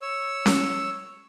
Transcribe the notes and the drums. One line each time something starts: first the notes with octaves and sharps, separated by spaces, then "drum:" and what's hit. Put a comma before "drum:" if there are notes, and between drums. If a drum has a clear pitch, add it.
C#5 E6
drum: snare C#4